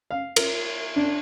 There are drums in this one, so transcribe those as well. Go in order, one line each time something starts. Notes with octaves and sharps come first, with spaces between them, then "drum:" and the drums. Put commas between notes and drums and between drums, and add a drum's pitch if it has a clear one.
F5
A#4, drum: cymbal
D4